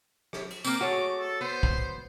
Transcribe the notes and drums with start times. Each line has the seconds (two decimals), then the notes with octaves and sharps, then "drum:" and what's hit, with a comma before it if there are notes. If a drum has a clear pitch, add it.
0.33 drum: rim click
0.50 drum: cymbal
0.65 A#3 C4 D6, drum: tambourine
0.81 A3 F#4 G#4 C#5
1.20 A4
1.41 B3 C5
1.63 drum: kick